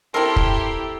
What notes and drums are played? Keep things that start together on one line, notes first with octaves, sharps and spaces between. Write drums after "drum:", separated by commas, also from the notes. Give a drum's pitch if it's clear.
C4 E4 G4 A4 A#4 C6
drum: kick